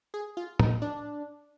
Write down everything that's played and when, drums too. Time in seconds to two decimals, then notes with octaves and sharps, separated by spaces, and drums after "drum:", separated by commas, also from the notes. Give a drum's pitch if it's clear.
0.14 G#4
0.37 F4
0.59 D#4, drum: tom
0.82 D4